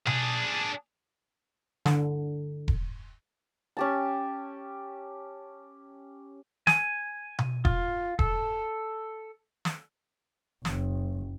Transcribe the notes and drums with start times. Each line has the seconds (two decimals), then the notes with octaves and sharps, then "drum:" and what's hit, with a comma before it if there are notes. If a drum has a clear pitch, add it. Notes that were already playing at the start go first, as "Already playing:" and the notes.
0.07 D4 G#4, drum: tom B2
1.86 D3, drum: snare
2.68 drum: kick E1
3.77 C#4 G4 A5
6.67 G#5, drum: snare
7.39 drum: tom B2
7.65 F4, drum: kick E1
8.19 A4, drum: kick E1
9.65 drum: snare
10.65 F#1, drum: snare